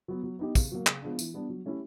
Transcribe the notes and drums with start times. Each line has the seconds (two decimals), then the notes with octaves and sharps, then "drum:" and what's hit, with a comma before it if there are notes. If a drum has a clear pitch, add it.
0.08 F#3 B3
0.23 F#3
0.39 B3 D#4 G4
0.55 C#3, drum: kick, tambourine
0.72 F#3 A#3
0.87 C#3, drum: clap
1.02 F3 G#3 B3 D4
1.19 E3, drum: tambourine
1.34 G3 B3 D4
1.49 F#3
1.65 A3 C#4 E4 G4